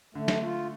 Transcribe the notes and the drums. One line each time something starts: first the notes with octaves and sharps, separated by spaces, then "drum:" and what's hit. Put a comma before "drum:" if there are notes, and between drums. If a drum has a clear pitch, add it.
D3 A3
drum: snare
A3 F4